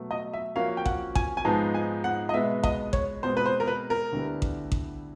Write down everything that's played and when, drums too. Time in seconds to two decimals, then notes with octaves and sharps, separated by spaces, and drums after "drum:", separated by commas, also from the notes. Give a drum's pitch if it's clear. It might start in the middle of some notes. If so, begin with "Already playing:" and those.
Already playing: B2 F#3 A3
0.11 D#5
0.33 E5
0.55 F3 A#3 C#4 F#4 A#4 F5
0.77 G5
0.86 F#5, drum: kick A1
1.15 G#5, drum: kick A1
1.37 G#5
1.45 G#2 F3 G#3 B3 D#4 A5
1.74 G#5
2.04 F#5
2.29 D#5
2.34 B2 G#3 B3 E5
2.63 D#5, drum: kick A1
2.93 C#5, drum: kick A1
3.23 B2 G#3 C4 C5
3.37 B4
3.46 C5
3.60 A#4
3.67 B4
3.90 A#4
4.12 D2 D3 G3 B3 E4
4.42 drum: kick A1
4.72 drum: kick A1